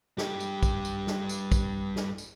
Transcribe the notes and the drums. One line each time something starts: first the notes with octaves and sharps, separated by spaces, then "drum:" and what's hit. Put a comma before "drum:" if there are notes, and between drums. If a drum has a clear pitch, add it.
G2 G4, drum: snare
drum: tambourine
drum: kick, tambourine
drum: tambourine
drum: snare
drum: tambourine
drum: kick, tambourine
drum: snare
drum: tambourine